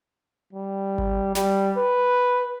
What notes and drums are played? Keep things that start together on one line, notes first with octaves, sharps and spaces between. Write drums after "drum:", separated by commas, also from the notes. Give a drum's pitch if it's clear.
G3
drum: kick G#1
G3, drum: snare
B4